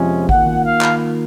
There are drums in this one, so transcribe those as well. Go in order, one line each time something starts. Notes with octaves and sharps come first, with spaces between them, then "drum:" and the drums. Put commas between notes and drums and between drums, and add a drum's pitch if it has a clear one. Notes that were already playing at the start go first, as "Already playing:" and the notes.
Already playing: F2 C3 F3 G#3 C#4
D#3 A#3 F4 F#5, drum: kick A1
drum: tom D#3
F5
drum: clap